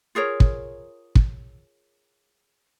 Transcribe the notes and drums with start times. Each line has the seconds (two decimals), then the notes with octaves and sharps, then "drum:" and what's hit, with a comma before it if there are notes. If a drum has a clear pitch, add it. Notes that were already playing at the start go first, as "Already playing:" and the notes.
0.15 F4 G#4 A#4 C#5
0.40 drum: kick
1.15 drum: kick